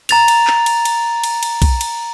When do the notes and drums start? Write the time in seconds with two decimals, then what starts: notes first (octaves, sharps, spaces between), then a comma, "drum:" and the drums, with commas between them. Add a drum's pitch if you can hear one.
0.09 A#5 A6 F7, drum: cymbal
0.28 drum: cymbal
0.47 drum: clap
0.66 drum: cymbal
0.85 drum: cymbal
1.24 drum: cymbal
1.43 drum: cymbal
1.62 drum: kick B1, cymbal
1.81 drum: cymbal